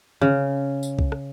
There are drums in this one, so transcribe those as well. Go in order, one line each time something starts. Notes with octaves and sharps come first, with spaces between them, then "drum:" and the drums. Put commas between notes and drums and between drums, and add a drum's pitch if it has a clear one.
C#3, drum: tom D3
drum: tambourine
drum: kick C2
drum: rim click